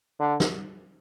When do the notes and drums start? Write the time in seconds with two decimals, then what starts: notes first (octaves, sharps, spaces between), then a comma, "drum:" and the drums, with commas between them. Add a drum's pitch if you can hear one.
0.20 D3
0.40 drum: snare